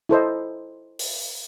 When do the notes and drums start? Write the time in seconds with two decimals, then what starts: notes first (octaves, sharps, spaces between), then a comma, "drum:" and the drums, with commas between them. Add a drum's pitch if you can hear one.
0.09 E4 A4 C5 D#5
0.99 drum: open hi-hat